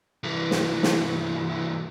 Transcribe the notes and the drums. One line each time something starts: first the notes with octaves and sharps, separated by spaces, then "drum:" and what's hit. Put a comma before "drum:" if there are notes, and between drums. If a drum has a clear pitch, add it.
C2 E3
drum: snare
drum: snare